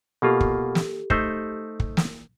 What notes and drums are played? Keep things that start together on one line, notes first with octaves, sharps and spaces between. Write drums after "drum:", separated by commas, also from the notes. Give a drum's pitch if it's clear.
B2 A#3 F4 G4 A4
drum: kick
drum: snare
A3 D#4 C5, drum: kick
drum: kick
drum: snare